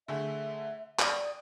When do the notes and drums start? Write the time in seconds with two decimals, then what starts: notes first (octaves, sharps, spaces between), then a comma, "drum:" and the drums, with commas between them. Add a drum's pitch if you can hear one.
0.08 D3 A3 G#4 E5
0.99 D5 G5 D#6, drum: clap